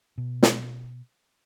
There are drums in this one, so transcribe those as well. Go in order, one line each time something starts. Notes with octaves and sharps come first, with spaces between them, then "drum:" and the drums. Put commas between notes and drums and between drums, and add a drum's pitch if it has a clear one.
B2
drum: snare